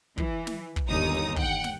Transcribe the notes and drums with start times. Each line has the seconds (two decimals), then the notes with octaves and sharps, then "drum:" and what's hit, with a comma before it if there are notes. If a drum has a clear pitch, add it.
0.18 E3, drum: kick
0.47 drum: snare
0.76 drum: kick
0.88 G1 D#2 D#4 A#5 D#6
1.36 F#5 G5, drum: kick
1.64 drum: snare